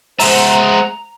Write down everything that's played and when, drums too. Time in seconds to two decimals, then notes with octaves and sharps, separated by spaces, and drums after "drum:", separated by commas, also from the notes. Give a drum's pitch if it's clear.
0.20 G#3 C5 E5 F#5 A#5, drum: open hi-hat